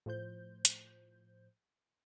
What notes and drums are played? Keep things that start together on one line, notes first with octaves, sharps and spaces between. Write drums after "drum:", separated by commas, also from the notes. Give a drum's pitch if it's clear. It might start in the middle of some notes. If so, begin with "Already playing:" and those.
A2 F3 C5 G6
drum: hi-hat